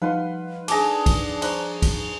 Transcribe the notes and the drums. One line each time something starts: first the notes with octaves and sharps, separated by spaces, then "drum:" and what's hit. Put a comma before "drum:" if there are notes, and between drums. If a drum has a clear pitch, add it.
F3 G3 D#4 B4 F5 F#5 C6
D4 G#4 A4 D6 A#6, drum: cymbal
drum: kick, cymbal
C5 A#5 C#6 F#6, drum: cymbal
drum: kick, cymbal